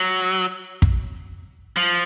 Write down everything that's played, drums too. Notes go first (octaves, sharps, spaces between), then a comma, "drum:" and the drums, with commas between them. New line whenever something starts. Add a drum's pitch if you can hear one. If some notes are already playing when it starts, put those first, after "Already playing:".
Already playing: F#3
drum: kick
F3